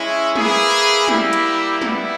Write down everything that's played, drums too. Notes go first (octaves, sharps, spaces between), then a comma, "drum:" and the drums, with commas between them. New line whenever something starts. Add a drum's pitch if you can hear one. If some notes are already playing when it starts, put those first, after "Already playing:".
Already playing: G#3 C#4 E4
A#3 E4 G#4 B4, drum: snare
G3 A#3 E4 G4, drum: snare
drum: hi-hat
G3 B3 E4, drum: snare